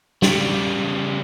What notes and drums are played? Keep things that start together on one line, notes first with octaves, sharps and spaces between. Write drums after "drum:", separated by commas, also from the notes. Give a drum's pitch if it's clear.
C#3 G3, drum: snare